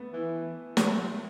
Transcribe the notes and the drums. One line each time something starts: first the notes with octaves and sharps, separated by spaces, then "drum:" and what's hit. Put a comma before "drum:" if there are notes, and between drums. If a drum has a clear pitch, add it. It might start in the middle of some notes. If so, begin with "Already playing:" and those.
Already playing: A3 B3
E3
drum: snare